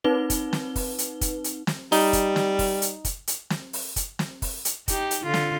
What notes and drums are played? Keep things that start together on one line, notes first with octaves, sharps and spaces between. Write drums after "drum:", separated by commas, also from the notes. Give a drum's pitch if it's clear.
C4 D#4 B4 G7
drum: kick, hi-hat
drum: snare
drum: kick, open hi-hat
drum: hi-hat
drum: kick, hi-hat
drum: hi-hat
drum: snare
G3 D#4, drum: open hi-hat
drum: kick, hi-hat
drum: snare
drum: kick, open hi-hat
drum: hi-hat
drum: kick, hi-hat
drum: hi-hat
drum: snare
drum: open hi-hat
drum: kick, hi-hat
drum: snare
drum: kick, open hi-hat
drum: hi-hat
D#4 G4, drum: kick, hi-hat
drum: hi-hat
D3 F4
drum: snare